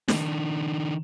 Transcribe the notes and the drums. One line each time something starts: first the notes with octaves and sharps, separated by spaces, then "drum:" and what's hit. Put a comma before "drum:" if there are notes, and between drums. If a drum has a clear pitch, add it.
D#3 D4, drum: snare